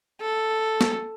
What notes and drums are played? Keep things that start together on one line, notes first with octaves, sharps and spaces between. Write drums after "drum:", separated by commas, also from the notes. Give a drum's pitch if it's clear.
A4
drum: snare A#3